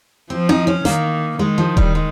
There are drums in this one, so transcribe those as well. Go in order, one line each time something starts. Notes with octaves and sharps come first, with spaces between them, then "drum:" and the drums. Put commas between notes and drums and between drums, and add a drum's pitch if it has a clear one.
F3 C4
D#4, drum: tom C4
C#4
D#3 A#3, drum: snare
D#3 G#3
F3
G3, drum: kick D#1
G#3